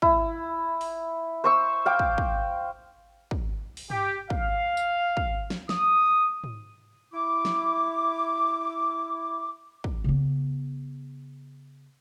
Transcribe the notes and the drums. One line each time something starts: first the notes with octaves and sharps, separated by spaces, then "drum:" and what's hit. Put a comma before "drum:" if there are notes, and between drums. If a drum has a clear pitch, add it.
E4, drum: kick
drum: open hi-hat
C5 C#6 E6
F5 G5 D6
drum: kick
drum: kick
drum: kick
drum: open hi-hat
G4, drum: tom G2
F5, drum: kick
drum: tambourine
drum: kick
drum: snare
D#6, drum: snare
drum: tom G#2
E4 D6
drum: snare
drum: kick
C#3 B3